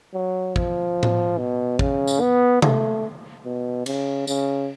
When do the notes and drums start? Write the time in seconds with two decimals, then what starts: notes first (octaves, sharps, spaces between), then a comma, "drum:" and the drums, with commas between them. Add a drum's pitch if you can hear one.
0.14 F#3
0.56 F3, drum: kick
1.03 drum: tom A2
1.38 B2
1.79 C#3, drum: kick
2.07 drum: tambourine
2.21 B3
2.62 A3, drum: tom C3
3.45 B2
3.86 C#3, drum: cymbal
4.27 C#3, drum: tambourine